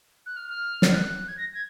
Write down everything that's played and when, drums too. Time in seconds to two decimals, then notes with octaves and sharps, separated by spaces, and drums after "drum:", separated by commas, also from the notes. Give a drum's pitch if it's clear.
0.26 F#6
0.36 F6
0.49 F6
0.82 drum: snare
0.94 F#6
1.28 G#6
1.37 A#6
1.54 G#6